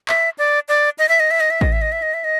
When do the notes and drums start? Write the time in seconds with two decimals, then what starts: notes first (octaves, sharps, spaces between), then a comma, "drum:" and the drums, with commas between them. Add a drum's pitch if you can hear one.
0.09 E5, drum: clap
0.38 D5
0.68 D5
0.99 D#5
1.09 E5
1.20 D#5
1.31 E5
1.40 D#5
1.50 E5
1.61 D#5, drum: kick A1
1.72 E5
1.81 D#5
1.92 E5
2.02 D#5
2.14 E5
2.24 D#5